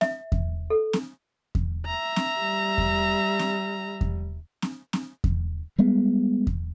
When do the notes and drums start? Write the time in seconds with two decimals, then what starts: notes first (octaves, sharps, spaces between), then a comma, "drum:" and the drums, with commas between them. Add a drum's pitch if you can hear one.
0.01 E5, drum: snare C4
0.32 drum: kick E2
0.70 A4
0.93 drum: snare C4
1.55 drum: kick E2
1.86 E5 A#5
2.16 drum: snare C4
2.41 G3
2.78 drum: kick E2
3.39 drum: snare C4
4.01 drum: kick E2
4.62 drum: snare C4
4.93 drum: snare C4
5.24 drum: kick E2
5.79 G3 G#3 B3
6.47 drum: kick E2